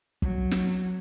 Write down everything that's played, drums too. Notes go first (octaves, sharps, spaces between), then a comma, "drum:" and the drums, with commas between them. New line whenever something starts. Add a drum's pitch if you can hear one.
F#3, drum: kick
drum: snare